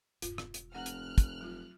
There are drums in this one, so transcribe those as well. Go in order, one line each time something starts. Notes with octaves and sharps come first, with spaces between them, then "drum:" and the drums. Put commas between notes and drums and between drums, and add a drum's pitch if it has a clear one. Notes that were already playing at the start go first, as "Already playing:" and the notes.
E1 G2 F4, drum: hi-hat
drum: rim click
drum: hi-hat
F1 C4 F#5 F6 F#6
drum: hi-hat
drum: kick, hi-hat
F#3 F4